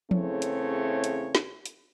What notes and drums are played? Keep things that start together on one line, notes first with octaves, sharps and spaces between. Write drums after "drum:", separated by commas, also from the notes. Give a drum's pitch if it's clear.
E2 C#3 A3 C4 E4 C#5, drum: tom F3
drum: hi-hat
drum: hi-hat
drum: snare
drum: hi-hat